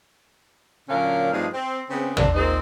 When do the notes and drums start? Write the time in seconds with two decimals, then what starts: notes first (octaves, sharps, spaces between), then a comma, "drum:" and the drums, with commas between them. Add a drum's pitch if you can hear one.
0.89 A#2 D3 F#3 C#4 A#4 F5
1.32 G2 F3 G#3 A3 C4 D#4
1.54 C4
1.89 C#3 G#3 B3 C4
2.17 C4 D4, drum: tom
2.34 A#2 A#3 C4 D#4 G#4 C5